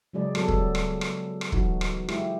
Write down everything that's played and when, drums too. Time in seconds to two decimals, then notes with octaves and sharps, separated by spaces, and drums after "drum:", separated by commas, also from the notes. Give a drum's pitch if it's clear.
0.13 C#3 F#3 G#3 G#4 D5
0.35 F#3 G3 B3 A4, drum: rim click
0.48 drum: kick
0.75 drum: rim click
1.01 drum: rim click
1.41 drum: rim click
1.52 E3 F#3 D#4 F#4, drum: kick
1.81 drum: rim click
2.09 G#3 E4 G4, drum: rim click